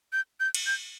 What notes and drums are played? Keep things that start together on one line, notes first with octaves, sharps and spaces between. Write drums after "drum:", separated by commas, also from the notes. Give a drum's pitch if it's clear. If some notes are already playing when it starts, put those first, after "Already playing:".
G6
G6
drum: cymbal
G6